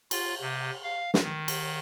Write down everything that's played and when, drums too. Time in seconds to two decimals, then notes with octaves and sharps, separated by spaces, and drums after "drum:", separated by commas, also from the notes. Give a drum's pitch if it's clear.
0.11 F4, drum: cymbal
0.41 C3
0.84 F5
1.14 drum: snare
1.23 D#3
1.48 drum: cymbal